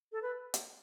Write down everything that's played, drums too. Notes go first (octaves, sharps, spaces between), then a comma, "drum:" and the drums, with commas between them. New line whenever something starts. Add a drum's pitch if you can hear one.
A4
B4
drum: hi-hat